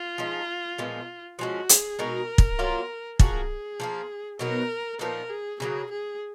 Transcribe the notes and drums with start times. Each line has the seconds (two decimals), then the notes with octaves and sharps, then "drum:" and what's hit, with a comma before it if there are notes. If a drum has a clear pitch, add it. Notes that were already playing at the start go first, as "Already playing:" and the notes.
Already playing: F4
0.18 F3 G#3 D#4
0.78 A#2 F3 G#3 B3
1.39 F3 G#3 C#4 F#4
1.69 G#4, drum: hi-hat
1.99 B2 G#3 D#4 F#4 A#4
2.38 drum: kick
2.59 F#3 A#3 F4
3.19 F3 A#3 C#4 F#4 G#4, drum: kick
3.80 F3 A#3 F4
4.39 B2 F#3 B3 D#4 A#4
4.99 A#2 F3 B3 D#4 A#4
5.30 G#4
5.60 C#3 F#3 A#3 G#4
5.90 G#4